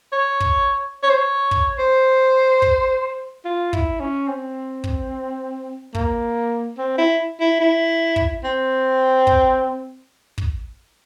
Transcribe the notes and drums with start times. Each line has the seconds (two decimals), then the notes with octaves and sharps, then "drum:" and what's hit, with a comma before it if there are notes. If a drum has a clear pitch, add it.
0.13 C#5
0.40 drum: kick
1.03 C#5
1.10 C5
1.17 C#5
1.51 drum: kick
1.79 C5
2.62 drum: kick
3.45 F4
3.73 E4, drum: kick
4.00 C#4
4.28 C4
4.84 drum: kick
5.95 A#3, drum: kick
6.78 C4
6.98 E4
7.40 E4
7.60 E4
8.16 drum: kick
8.44 C4
9.27 drum: kick
10.38 drum: kick